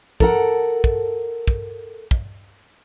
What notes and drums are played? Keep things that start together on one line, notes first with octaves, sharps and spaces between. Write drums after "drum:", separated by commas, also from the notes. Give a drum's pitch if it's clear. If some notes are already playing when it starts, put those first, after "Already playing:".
A4 A#4 F#5, drum: kick
drum: kick
drum: kick
drum: kick